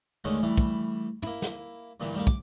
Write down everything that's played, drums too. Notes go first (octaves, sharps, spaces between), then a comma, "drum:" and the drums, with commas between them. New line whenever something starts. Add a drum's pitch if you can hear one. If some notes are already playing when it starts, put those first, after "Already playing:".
D#2 D3 G#3 A3 C#4 F#5
E3 G3 A3 E4
drum: kick
A#3 E4, drum: tom
drum: snare
G2 A#2 D3 E3
D#3 G3 A3 A#3
D6, drum: kick